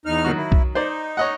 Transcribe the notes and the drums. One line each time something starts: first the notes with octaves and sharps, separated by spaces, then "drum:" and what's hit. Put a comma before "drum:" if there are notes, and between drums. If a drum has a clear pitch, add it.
E2 D#4 F6
D#3 F#3 F#4
E4
drum: kick B1
D#4 C5 D5
C#5 D#5 F#5